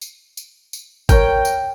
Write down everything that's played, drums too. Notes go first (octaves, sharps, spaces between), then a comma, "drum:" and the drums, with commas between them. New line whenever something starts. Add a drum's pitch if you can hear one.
drum: tambourine
drum: tambourine
drum: tambourine
A#4 C#5 G5, drum: kick G#1, tambourine
drum: tambourine